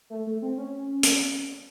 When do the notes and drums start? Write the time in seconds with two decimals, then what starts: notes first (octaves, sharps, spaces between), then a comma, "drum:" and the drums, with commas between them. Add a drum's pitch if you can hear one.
0.10 A3
0.27 A3
0.42 C4
0.58 C#4
1.03 drum: hi-hat